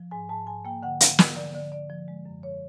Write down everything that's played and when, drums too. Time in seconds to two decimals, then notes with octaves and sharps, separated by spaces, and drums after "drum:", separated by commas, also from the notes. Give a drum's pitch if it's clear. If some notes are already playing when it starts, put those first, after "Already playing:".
Already playing: F3
0.11 G#2 G#5
0.29 G#2 A5
0.47 G#2 G#5
0.65 A#3 G5
0.83 D3 F#5
1.01 D3 F5, drum: hi-hat
1.19 F3, drum: snare
1.36 D3 D5
1.54 D3 D5
1.72 D3 D5
1.90 F3
2.08 G#3
2.26 F#2
2.43 C#5